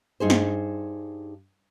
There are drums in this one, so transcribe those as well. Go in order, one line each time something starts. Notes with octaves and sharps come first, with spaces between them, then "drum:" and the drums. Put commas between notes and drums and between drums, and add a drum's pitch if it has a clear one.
G2 D#4 G#4 C5
drum: snare